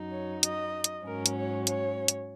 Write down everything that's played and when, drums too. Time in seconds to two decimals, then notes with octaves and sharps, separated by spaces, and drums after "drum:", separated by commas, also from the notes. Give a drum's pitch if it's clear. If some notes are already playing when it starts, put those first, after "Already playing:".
Already playing: F#2 F#3 D#4
0.11 C#5
0.43 D#5, drum: hi-hat
0.84 drum: hi-hat
1.04 G#2 F#3 C#4 A#4
1.26 drum: hi-hat
1.36 C#5
1.67 C#5, drum: hi-hat
2.08 drum: hi-hat